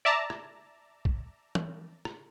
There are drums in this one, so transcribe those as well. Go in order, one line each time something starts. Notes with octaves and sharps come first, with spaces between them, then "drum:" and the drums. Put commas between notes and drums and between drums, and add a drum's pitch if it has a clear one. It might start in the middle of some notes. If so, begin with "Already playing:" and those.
D5 E5 A5 A#5
drum: rim click
drum: kick
drum: tom
drum: rim click